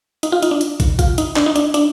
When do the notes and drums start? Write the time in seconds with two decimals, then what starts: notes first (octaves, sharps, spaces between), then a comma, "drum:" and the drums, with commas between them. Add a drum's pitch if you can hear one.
0.23 D#4, drum: hi-hat
0.32 F4
0.43 D#4, drum: hi-hat
0.51 D4
0.61 drum: hi-hat
0.80 drum: kick, hi-hat
0.99 F4, drum: kick, hi-hat
1.18 D#4, drum: hi-hat
1.36 D4, drum: clap
1.46 D#4
1.56 D4, drum: hi-hat
1.74 D4, drum: hi-hat